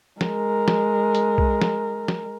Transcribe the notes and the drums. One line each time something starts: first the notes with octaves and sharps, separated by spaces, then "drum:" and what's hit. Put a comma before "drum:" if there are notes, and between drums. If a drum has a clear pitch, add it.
G#3 A#4, drum: snare
drum: snare
drum: hi-hat
drum: kick B1
drum: snare
drum: snare